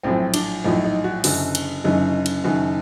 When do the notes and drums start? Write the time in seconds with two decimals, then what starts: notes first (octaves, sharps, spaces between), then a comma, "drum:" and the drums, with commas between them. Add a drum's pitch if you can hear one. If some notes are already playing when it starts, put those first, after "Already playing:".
0.03 A#1 A2 F#3 C4
0.34 D4, drum: cymbal
0.64 A#1 A2 F#3 D#4
0.84 D#4
1.04 F#4
1.24 F#1 F#2 D3 F#3 F#4, drum: open hi-hat
1.55 drum: cymbal
1.84 F#1 F#2 D3 F#3 D#4
2.26 drum: cymbal
2.44 F#1 F#2 D#3 F#4